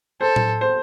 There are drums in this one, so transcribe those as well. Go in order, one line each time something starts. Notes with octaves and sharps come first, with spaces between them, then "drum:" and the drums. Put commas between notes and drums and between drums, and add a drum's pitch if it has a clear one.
A4 C5
drum: tom A2
C5